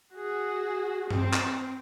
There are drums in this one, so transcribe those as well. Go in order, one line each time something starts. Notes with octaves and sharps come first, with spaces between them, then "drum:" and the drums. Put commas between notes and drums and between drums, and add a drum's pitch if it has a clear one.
F#4 G#4
C4, drum: tom G2
drum: clap